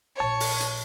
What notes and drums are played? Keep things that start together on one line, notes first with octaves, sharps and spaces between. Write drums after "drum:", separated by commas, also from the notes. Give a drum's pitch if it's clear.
A#1 C#5 A5
drum: open hi-hat
drum: hi-hat